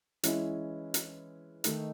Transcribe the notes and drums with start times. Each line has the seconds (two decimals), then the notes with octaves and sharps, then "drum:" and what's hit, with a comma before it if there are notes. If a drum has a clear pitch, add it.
0.23 E3 G#3 C#4 E4, drum: hi-hat
0.94 drum: hi-hat
1.64 D#3 A3 D#4, drum: hi-hat